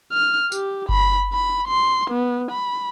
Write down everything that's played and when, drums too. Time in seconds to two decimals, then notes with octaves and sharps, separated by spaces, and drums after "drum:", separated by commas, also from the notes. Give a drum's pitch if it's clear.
0.12 F6
0.52 G4, drum: tambourine
0.89 B5, drum: kick G1
1.33 B5
1.68 C6
2.10 B3
2.51 B5